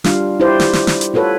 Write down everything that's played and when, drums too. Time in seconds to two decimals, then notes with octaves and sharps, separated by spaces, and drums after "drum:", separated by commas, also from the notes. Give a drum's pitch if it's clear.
0.04 G3 D4 F4 F5, drum: snare
0.40 E4 G4 B4 C5 D5
0.60 drum: snare
0.73 drum: snare
0.87 drum: snare
1.01 drum: hi-hat
1.14 F4 F#4 A4 B4 C#5